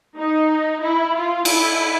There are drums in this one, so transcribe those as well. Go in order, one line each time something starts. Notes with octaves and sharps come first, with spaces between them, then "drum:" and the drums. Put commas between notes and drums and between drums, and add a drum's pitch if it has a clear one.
D#4
E4
F4
E4, drum: cymbal